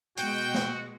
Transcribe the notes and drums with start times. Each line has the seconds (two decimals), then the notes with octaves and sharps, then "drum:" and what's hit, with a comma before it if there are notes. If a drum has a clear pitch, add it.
0.17 B2 G#3 F#4 G5, drum: hi-hat
0.54 drum: snare